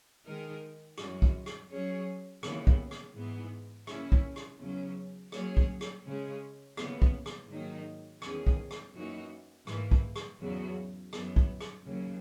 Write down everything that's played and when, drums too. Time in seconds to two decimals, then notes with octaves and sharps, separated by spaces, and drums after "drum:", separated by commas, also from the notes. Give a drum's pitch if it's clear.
0.25 D#3 G#3 D#4 A#4
0.98 F#2 E3 G#3 C#4 F#4, drum: rim click
1.22 drum: kick
1.46 drum: rim click
1.70 F#3 C#4 G#4 C#5
2.43 D#2 C#3 E3 B3, drum: rim click
2.67 drum: kick
2.91 drum: rim click
3.15 G#2 E3 B3
3.87 C#3 E3 A#3 C#4 E4, drum: rim click
4.12 drum: kick
4.36 drum: rim click
4.60 E2 C#3 F#3 C#4
5.32 F#3 A#3 C#4 G#4 C#5, drum: rim click
5.57 drum: kick
5.81 drum: rim click
6.06 C#3 G#3 C#4
6.77 D#2 C#3 E3 B3, drum: rim click
7.02 drum: kick
7.26 drum: rim click
7.50 G#2 D#3 F#3 A#3 D#4
8.22 E2 D#3 G#3 C#4 G#4, drum: rim click
8.47 drum: kick
8.71 drum: rim click
8.95 F#2 E3 A#3 D#4 F#4
9.67 G#2 E3 A#3, drum: rim click
9.91 drum: kick
10.16 drum: rim click
10.40 E2 C#3 F#3 B3 F#4
11.13 F#2 E3 B3, drum: rim click
11.36 drum: kick
11.61 drum: rim click
11.85 D#2 C#3 F#3 A#3